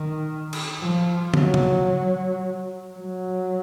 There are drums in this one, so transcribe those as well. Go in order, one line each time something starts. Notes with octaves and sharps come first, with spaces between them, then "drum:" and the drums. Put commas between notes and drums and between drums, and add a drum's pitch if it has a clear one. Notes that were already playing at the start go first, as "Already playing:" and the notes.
Already playing: D#3
drum: cymbal
F3
F#3, drum: tom
drum: tom
F#3